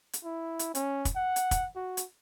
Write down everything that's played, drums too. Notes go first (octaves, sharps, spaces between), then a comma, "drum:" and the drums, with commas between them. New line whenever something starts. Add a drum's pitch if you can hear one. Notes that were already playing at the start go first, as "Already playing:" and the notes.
drum: hi-hat
E4
drum: hi-hat
C#4, drum: hi-hat
drum: kick, hi-hat
F#5
drum: hi-hat
drum: kick, hi-hat
F#4
drum: hi-hat